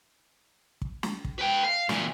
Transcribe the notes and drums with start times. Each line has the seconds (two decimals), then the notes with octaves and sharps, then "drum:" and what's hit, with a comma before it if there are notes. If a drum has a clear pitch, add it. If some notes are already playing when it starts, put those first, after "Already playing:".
0.82 drum: kick
1.03 drum: snare
1.25 drum: kick
1.39 B4 G5
1.64 F5
1.89 A#2 E3, drum: snare